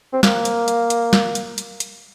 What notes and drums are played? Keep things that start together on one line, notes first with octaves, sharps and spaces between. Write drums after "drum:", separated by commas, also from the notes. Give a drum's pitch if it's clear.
C4
A#3, drum: snare
drum: hi-hat
drum: hi-hat
drum: hi-hat
drum: snare
drum: hi-hat
drum: hi-hat
drum: hi-hat